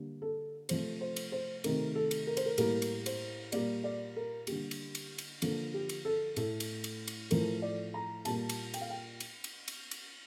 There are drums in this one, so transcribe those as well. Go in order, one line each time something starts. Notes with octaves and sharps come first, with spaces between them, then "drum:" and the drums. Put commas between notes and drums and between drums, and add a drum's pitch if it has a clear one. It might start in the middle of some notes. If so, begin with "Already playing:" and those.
Already playing: D3 G3 A#3
A4
C3 F3 A3 C5, drum: cymbal
C5
drum: cymbal
C5
C3 D#3 A3 A#4, drum: cymbal
A4
drum: cymbal
A#4
C5, drum: cymbal
A#4
A2 G3 A#3 A#4, drum: cymbal
drum: cymbal
C5, drum: cymbal
A#2 G3 A#3 D5, drum: cymbal
D5
A#4
D3 G3 A#3 G4, drum: cymbal
drum: cymbal
drum: cymbal
drum: cymbal
D3 F3 A#3 A4, drum: cymbal
G4
drum: cymbal
A4
A2 A3 A4, drum: cymbal
drum: cymbal
drum: cymbal
drum: cymbal
A2 F3 A3 A#4, drum: cymbal
D5
A#5
A#2 G3 A#3 A5, drum: cymbal
drum: cymbal
G5, drum: cymbal
F5
G5
drum: cymbal
drum: cymbal
drum: cymbal
drum: cymbal